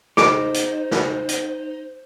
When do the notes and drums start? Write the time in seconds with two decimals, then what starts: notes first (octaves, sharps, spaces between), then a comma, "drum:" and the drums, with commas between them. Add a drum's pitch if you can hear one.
0.17 D#4 G#4 C5 D6, drum: snare
0.54 drum: hi-hat
0.91 drum: snare
1.29 drum: hi-hat